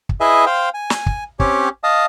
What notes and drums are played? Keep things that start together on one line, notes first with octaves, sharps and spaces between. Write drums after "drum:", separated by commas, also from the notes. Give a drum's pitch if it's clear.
drum: kick
E4 G#4 B4 D#5 E5 G#5
C5 F5 G5
G#5
drum: snare
drum: kick
C4 C#4 G4 C#5, drum: kick
D#5 F5 A5 D#6